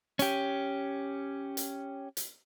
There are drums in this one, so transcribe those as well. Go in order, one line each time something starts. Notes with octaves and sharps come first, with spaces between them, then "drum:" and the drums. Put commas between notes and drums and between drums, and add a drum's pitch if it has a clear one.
C#4 G4, drum: hi-hat
drum: hi-hat
drum: hi-hat